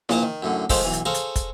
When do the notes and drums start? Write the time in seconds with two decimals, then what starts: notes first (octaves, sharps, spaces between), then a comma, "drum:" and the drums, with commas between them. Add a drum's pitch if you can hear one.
0.09 A#1 A#2 D#5 A5 A#5 D#6, drum: snare E4
0.23 D#3
0.43 F#2 A2 D3
0.70 D#3 F3 G#3 D#4 A4 C5, drum: kick, open hi-hat
0.84 B1 E3
0.93 drum: hi-hat
1.05 G#4 A4 C5 C#5 F5 A#5
1.15 drum: hi-hat
1.36 drum: kick, hi-hat